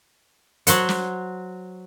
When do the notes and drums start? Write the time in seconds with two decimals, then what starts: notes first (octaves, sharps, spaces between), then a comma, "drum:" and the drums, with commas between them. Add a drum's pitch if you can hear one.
0.67 F#3 C5 F#5, drum: hi-hat
0.89 drum: snare